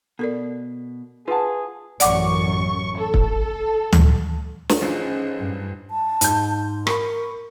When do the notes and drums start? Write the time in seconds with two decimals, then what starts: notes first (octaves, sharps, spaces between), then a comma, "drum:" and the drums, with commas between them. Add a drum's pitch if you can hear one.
0.19 B2 A4 A#4 D5
1.28 F4 G#4 B4 F#5 A5
2.00 A1 F#2 D5 F#5 C#6 D6, drum: hi-hat
2.98 A4
3.14 drum: kick
3.93 drum: tom D2
4.69 drum: snare
4.81 A1 G#2 F3 C#4
5.38 G2
5.91 A5
6.21 G#2 G6, drum: hi-hat
6.87 A#4 B5 C#6, drum: rim click